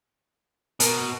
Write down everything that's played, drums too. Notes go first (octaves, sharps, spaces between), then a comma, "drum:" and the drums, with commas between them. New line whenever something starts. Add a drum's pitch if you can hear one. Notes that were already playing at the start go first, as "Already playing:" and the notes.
B2 A#4, drum: hi-hat